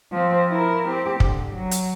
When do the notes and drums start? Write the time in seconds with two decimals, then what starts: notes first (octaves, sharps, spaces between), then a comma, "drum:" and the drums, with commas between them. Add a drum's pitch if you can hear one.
0.12 F3 C4
0.51 E4 A#4
0.88 C4 G4
1.20 D3, drum: kick
1.53 F#3
1.71 drum: hi-hat